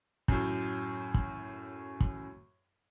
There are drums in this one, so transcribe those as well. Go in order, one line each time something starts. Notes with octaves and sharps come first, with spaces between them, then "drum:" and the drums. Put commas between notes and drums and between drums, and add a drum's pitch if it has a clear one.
F#2 A2, drum: kick
drum: kick
drum: kick